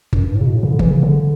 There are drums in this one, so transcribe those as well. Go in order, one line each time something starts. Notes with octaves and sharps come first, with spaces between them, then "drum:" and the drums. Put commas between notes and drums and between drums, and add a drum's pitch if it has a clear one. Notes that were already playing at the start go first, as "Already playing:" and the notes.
F#2, drum: kick G1
G2
A2
C#3
B2
A2
C#3
D3
E3, drum: kick G1
C#3
D3